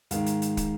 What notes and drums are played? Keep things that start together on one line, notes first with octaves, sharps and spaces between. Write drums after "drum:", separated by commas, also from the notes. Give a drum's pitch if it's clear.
G#2 D#3 G#3 F5, drum: hi-hat
drum: hi-hat
drum: hi-hat
drum: kick, hi-hat